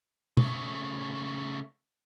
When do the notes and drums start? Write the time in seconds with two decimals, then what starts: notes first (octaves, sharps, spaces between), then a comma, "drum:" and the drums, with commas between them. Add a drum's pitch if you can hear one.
0.37 C#3 A3, drum: tom B2